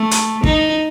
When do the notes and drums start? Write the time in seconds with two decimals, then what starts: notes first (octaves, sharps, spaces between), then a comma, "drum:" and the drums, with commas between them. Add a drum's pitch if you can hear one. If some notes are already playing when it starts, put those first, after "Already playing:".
Already playing: A3
0.11 drum: hi-hat
0.44 D#4, drum: kick